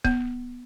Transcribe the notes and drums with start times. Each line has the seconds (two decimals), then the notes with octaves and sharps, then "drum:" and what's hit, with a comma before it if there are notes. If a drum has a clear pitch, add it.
0.05 B3, drum: kick C#1